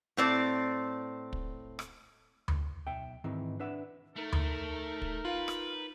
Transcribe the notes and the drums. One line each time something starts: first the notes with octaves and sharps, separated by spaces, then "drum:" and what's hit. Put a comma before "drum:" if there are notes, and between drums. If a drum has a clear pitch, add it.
A2 C4 D5
drum: kick
drum: rim click
drum: tom D2
B1 E5 G5
G#2 D#3 E3 C4 D#4
D4 B4 E5 F#5
A3 D#4 A#4
drum: tom D2
drum: kick
F4 B4 F5
drum: rim click